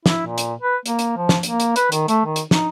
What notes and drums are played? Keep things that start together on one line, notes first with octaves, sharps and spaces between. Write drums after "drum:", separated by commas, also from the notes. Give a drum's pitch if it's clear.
E4, drum: snare
A#2
drum: hi-hat
B4
A#3, drum: hi-hat
drum: hi-hat
F3
drum: snare
A#3, drum: hi-hat
drum: hi-hat
B4, drum: hi-hat
D#3, drum: hi-hat
A3, drum: hi-hat
D#3
drum: hi-hat
D#4, drum: snare